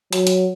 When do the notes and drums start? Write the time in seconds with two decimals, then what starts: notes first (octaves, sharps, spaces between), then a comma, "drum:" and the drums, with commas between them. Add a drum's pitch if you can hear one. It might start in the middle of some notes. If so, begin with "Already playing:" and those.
0.13 F#3, drum: hi-hat
0.27 drum: hi-hat